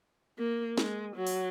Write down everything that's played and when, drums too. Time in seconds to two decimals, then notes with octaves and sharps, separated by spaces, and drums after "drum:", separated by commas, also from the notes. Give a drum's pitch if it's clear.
0.39 A#3
0.78 G#3, drum: snare
1.16 F#3
1.27 drum: open hi-hat